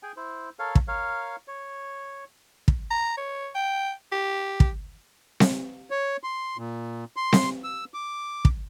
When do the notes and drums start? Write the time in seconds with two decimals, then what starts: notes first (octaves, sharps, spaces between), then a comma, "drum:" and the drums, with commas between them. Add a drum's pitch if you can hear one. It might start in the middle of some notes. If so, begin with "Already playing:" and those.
0.03 G#4 G5 G#5
0.17 E4 C5
0.59 A4 A#4 C#5 F5
0.75 drum: kick
0.88 A#4 C#5 F5
1.48 C#5
2.68 drum: kick
2.90 A#5
3.17 C#5
3.55 G5
4.12 G4
4.60 drum: kick
5.40 drum: snare C4
5.90 C#5
6.23 C6
6.57 A#2
7.16 C6
7.33 drum: snare C4
7.64 E6
7.94 D6
8.45 drum: kick